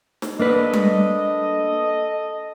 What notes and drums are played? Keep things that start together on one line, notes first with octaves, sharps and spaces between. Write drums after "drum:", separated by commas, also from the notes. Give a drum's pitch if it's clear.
drum: snare
A#3 D4 A4 B4 D#5
drum: tom G3